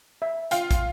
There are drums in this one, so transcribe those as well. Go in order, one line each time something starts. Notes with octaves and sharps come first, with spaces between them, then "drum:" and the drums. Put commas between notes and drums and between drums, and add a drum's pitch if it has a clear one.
E5
F4 G5, drum: hi-hat
drum: kick, hi-hat